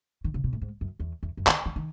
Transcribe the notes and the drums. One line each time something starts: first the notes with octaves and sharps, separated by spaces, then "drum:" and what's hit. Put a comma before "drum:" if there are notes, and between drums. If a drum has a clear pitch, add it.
D#3
C#3
B2
A2
G#2
F#2
E2
E2
F#2
D#3, drum: clap
E3
D#3